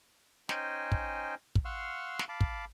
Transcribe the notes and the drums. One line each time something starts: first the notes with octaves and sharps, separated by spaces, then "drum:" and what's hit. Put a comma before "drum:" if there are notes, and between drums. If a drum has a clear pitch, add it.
C#4 D#4 C5 D#5 G5 G#5, drum: snare
drum: kick
drum: kick
F5 F#5 C6 C#6 E6 F6
drum: snare
F5 A5 B5 D6
drum: kick